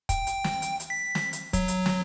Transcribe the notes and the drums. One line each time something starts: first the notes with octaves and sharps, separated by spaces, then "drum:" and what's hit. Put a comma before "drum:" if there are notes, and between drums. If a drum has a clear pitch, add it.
G5, drum: kick, hi-hat
drum: hi-hat
drum: snare
drum: hi-hat
drum: hi-hat
B6
drum: snare
drum: hi-hat
F#3, drum: kick, hi-hat
drum: hi-hat
drum: snare